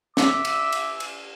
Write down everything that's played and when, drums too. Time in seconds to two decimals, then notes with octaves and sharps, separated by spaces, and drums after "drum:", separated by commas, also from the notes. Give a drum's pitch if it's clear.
0.17 E5 D6 E6, drum: snare
0.45 drum: cymbal
0.72 drum: cymbal
1.00 drum: cymbal